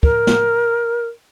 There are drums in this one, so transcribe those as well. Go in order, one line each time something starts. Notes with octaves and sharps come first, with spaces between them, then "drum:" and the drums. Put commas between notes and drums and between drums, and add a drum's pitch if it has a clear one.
A#4, drum: kick
drum: snare